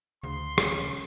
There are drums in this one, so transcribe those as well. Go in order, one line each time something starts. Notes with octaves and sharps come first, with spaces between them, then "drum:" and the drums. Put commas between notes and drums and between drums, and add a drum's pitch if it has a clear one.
D2 C#3 C6
C#4, drum: rim click